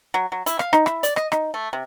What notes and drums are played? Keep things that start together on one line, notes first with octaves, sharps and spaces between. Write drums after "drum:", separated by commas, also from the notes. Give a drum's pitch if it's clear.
F#3
F#3
E4, drum: hi-hat
F5, drum: rim click
D#4, drum: rim click
E4, drum: rim click
D5, drum: hi-hat
D#5, drum: rim click
D#4, drum: rim click
A3
C3